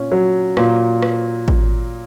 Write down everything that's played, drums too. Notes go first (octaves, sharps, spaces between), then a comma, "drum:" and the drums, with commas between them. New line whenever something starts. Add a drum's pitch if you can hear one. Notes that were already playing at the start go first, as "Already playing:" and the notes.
Already playing: A#2 C#4
F#3
A#2, drum: rim click
drum: rim click
drum: kick